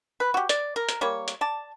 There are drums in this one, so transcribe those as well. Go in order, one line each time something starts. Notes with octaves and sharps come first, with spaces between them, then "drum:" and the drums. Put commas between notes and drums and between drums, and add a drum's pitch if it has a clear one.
B4
F#4 G4
D5, drum: hi-hat
A#4
drum: hi-hat
G3 A#3 C#5
drum: hi-hat
D5 A5